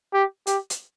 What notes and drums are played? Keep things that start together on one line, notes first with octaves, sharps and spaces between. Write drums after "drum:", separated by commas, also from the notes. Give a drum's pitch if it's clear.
G4
G4, drum: hi-hat
drum: hi-hat